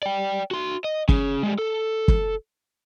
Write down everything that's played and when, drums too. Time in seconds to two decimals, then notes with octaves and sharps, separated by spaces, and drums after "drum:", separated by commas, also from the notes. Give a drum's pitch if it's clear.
0.03 D5 G5
0.51 F#4 C6
0.84 D#5
1.09 C#4 G#4, drum: kick
1.43 G3 G#3
1.59 A4
2.08 drum: kick